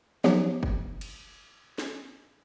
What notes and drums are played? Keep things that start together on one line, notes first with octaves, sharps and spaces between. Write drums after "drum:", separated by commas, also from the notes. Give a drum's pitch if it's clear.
F3 F#3 B3 D#4 G4, drum: snare
drum: kick
drum: cymbal
drum: snare